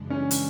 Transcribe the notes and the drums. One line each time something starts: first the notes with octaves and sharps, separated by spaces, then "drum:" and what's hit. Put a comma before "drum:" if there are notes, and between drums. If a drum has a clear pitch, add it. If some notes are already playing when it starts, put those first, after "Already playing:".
Already playing: F#2 C#3 E3 G#3 D4
C#4
drum: hi-hat